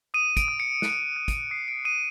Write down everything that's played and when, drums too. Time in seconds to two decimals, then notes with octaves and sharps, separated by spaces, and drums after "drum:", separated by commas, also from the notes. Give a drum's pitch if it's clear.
0.14 D#6 D#7
0.37 D7, drum: kick, hi-hat
0.48 D#6
0.60 C#7
0.82 F#6, drum: snare
1.16 F#6
1.28 drum: kick, hi-hat
1.51 D#6 C7
1.68 D7
1.85 D#6 D#7